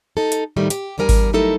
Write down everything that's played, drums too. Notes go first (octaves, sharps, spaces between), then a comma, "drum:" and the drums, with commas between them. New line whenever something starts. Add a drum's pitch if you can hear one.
D#4 A4
drum: hi-hat
F2 A2 D#3 G3 A3 D#4
G4, drum: hi-hat
E2 D3 G3 A#4 G5 G#5
drum: kick G#1, open hi-hat
F#3 A3 D#4 E4 A4 A#4